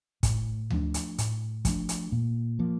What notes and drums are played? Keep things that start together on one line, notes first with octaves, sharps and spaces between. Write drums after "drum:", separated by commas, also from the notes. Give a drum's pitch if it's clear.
A2, drum: kick, hi-hat
F3 A3 D4, drum: tom D2
drum: hi-hat
A2, drum: hi-hat
F3 A3 D4, drum: kick, hi-hat
drum: hi-hat
A#2
F3 A#3